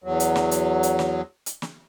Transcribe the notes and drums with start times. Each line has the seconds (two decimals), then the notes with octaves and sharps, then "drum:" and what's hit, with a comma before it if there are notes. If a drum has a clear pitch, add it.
0.04 E2 F#3
0.20 drum: hi-hat
0.36 drum: snare
0.51 drum: hi-hat
0.83 drum: hi-hat
0.99 drum: snare
1.46 drum: hi-hat
1.62 drum: snare